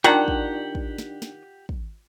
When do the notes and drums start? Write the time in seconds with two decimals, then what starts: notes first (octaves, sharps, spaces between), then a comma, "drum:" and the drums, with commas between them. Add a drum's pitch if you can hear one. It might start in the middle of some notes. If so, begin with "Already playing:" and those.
0.04 D#3 D4 F4 G4 D5 F#5 G5 A#5
0.28 drum: kick
0.75 drum: kick
0.98 drum: snare
1.22 drum: snare
1.69 drum: kick